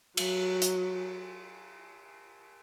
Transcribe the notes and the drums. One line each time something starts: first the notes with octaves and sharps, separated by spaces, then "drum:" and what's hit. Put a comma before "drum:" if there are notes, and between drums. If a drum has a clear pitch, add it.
F#3, drum: cymbal
drum: hi-hat